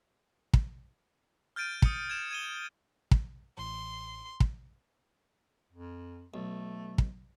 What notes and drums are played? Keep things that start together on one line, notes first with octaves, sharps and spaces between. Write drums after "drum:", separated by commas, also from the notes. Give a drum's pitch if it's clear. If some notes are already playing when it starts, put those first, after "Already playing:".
drum: kick
F6 G6 A6 D7 D#7
D#6 C#7, drum: kick
G#6 E7
G#6 D#7 G7
drum: kick
A1 A2 E3 C6
drum: kick
F2
B1 A3
drum: kick